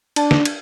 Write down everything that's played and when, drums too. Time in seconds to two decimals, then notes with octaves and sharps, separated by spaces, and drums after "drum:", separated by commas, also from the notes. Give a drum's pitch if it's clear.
0.16 D4, drum: cymbal
0.31 drum: snare
0.45 drum: cymbal